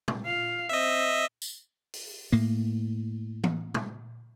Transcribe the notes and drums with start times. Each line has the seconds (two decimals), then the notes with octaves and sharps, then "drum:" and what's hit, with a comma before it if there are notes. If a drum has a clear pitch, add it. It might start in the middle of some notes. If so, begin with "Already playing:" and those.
0.08 drum: tom
0.24 F4 F5
0.69 C4 D#5 E5
1.42 drum: tambourine
1.93 drum: open hi-hat
2.32 A2 A#3
3.44 drum: tom E3
3.74 drum: tom